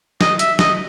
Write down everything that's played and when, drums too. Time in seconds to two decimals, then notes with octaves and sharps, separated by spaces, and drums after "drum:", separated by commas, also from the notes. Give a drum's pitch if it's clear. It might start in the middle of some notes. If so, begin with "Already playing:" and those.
0.21 D#5, drum: snare
0.39 E5, drum: hi-hat
0.59 D#5, drum: snare